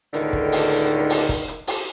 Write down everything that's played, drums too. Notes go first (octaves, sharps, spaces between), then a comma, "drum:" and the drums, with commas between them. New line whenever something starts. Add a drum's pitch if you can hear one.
C#2 A2 D3 D#3, drum: hi-hat
drum: kick
drum: open hi-hat
drum: hi-hat
drum: open hi-hat
drum: kick, hi-hat
drum: hi-hat
drum: open hi-hat